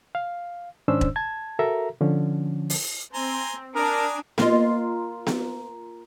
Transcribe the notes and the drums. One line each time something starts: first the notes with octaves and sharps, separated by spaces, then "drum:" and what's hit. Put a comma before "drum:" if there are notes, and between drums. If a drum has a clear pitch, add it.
F5
G#2 D#3 C#4 D4 C5 E6
drum: kick E1
A5 G#6
F#4 A4 A#4 E5 A#5
D3 F3 C#4
drum: open hi-hat
C4 G#5 A#5 C6
D4 A#4 G#5 A#5 D#6
A#3 F4 D#5, drum: snare B3
drum: snare B3